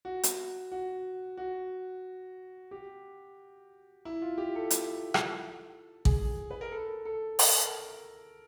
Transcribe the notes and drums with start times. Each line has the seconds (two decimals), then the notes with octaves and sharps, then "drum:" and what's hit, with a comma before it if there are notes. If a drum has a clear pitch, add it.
0.05 F#4
0.23 drum: hi-hat
0.72 F#4
1.37 F#4
2.71 G4
4.05 E4
4.22 F4
4.38 G4
4.55 A4
4.70 drum: hi-hat
5.14 drum: rim click
6.05 G#4, drum: kick A1
6.51 B4
6.61 A#4
6.72 A4
7.05 A4
7.39 A#4, drum: open hi-hat